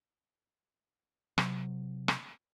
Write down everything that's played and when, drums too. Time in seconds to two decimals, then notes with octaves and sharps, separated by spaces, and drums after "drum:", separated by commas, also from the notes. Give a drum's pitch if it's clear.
1.38 C3 F#3, drum: rim click
2.08 drum: rim click